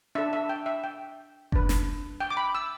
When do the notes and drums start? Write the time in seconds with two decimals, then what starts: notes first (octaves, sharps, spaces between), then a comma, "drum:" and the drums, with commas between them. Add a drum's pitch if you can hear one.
0.15 D4 A4 E5
0.33 E5
0.49 G5
0.66 E5
0.84 G5
1.52 D4 B4, drum: kick F#1
1.69 drum: snare
2.20 G5
2.30 D6
2.37 B5
2.55 E6